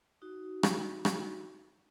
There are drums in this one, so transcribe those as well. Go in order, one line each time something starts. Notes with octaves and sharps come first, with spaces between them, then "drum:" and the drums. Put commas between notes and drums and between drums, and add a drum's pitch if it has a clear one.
D#4 F#4
drum: rim click
drum: rim click